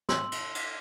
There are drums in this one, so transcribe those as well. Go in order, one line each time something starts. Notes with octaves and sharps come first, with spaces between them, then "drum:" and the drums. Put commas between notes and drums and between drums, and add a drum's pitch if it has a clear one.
C6 E6 F#7, drum: snare
drum: cymbal
drum: cymbal